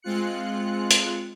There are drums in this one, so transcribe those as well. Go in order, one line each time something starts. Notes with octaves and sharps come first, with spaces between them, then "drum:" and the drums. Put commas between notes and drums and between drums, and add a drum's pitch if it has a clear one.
G#3 C4 F4 F#6 C#7
drum: hi-hat